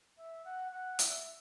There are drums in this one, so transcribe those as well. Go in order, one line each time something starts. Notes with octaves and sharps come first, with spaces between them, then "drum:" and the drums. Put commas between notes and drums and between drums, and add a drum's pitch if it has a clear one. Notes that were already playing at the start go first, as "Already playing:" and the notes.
E5
F#5
F#5
E5, drum: hi-hat